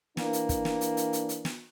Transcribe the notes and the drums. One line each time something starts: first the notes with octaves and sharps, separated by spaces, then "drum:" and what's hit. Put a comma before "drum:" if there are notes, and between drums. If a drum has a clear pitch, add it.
E3 A#3 D4, drum: snare
drum: hi-hat
drum: kick, hi-hat
drum: snare
drum: hi-hat
drum: hi-hat
drum: hi-hat
drum: hi-hat
drum: snare